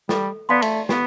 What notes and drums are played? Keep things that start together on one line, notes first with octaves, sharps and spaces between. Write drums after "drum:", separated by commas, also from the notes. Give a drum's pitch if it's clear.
G3 A4, drum: snare
B3 D5 F5 A5 C6
A3, drum: cymbal
B3 G4, drum: snare